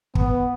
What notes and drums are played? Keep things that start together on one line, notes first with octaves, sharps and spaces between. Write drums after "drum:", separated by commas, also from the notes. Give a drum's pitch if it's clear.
B3, drum: kick